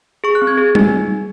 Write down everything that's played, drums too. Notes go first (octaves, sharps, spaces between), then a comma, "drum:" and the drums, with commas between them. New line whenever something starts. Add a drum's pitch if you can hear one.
G#4 C#6
F#6
C4
G#6
G#4
D#4, drum: tom G3